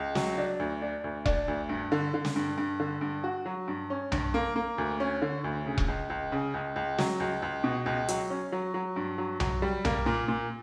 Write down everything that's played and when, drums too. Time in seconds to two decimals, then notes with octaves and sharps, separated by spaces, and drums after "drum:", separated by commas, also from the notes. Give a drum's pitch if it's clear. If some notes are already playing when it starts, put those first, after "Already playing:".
Already playing: C#2
0.15 F#3, drum: snare
0.38 D4
0.59 D2
0.82 D4
1.04 D2
1.26 D4, drum: kick E1
1.48 D2
1.69 G2
1.92 D3
2.14 D3
2.25 drum: snare
2.36 G2
2.58 G2
2.80 D3
3.01 G2
3.24 F#4
3.46 F#3
3.68 G2
3.90 C#4
4.12 G2, drum: tom B1
4.34 A#3
4.56 A#3
4.78 D2
5.00 C#4
5.22 D3
5.44 D2
5.66 C#3
5.78 drum: kick E1
5.88 C#2
6.10 C#2
6.32 C#3
6.54 C#2
6.76 C#2
6.98 F#3, drum: snare
7.20 C#2
7.42 C#2
7.64 B2
7.86 C#2
8.08 F#3, drum: hi-hat
8.30 C#4
8.52 F#3
8.74 F#3
8.96 G2
9.18 F#3
9.40 F#3, drum: tom B1
9.62 G3
9.85 A#3, drum: tom B1
10.06 A#2
10.28 A#2